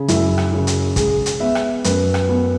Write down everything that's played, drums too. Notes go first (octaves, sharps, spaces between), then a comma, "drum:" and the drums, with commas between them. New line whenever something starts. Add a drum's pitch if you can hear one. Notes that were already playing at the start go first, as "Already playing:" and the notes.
Already playing: C#3
F#2 E4, drum: hi-hat
drum: rim click
C#3
drum: hi-hat
G#3 G#4, drum: kick, hi-hat
drum: hi-hat
B3 E5
drum: rim click
F#2 B4, drum: hi-hat
drum: rim click
B3